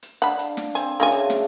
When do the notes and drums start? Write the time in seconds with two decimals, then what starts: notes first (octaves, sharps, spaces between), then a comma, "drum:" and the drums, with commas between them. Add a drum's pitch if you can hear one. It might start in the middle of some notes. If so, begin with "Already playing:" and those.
0.03 drum: hi-hat
0.22 D4 F5 F#5 B5, drum: hi-hat
0.39 drum: hi-hat
0.57 drum: snare
0.75 C4 G#5, drum: hi-hat
1.00 C#3 A#3 D4 F#4 E5 G#5
1.11 drum: hi-hat
1.30 drum: snare